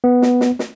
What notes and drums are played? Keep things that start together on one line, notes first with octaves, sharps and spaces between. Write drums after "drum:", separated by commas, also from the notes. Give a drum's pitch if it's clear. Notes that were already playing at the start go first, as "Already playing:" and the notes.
B3
drum: snare
drum: snare
drum: snare